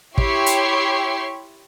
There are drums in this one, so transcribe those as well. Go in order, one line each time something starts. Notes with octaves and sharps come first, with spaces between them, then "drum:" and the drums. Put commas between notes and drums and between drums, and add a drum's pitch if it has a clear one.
E4 G4 C#5 C6 C#6 C7, drum: kick
drum: hi-hat